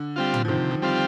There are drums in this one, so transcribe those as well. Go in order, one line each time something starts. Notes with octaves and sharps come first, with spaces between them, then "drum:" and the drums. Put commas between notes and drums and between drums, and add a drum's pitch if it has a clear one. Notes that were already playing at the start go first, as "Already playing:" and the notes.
Already playing: D3
G3 C4 F4
drum: tom
F3
C3 D#3
F3
G3 C4 F4